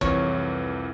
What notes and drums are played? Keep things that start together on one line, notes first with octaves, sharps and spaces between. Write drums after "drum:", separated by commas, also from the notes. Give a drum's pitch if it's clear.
C2 F2 E3 C#5, drum: kick